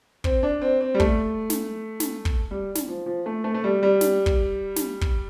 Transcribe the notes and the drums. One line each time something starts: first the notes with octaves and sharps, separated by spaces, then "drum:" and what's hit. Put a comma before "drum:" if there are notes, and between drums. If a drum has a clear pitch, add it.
C4, drum: kick
D4
C4
C4
G3
A3, drum: kick
drum: snare
drum: snare
drum: kick
G3
drum: snare
F3
F3
A3
A3
A3
G3
G3
drum: snare
drum: kick
drum: snare
drum: kick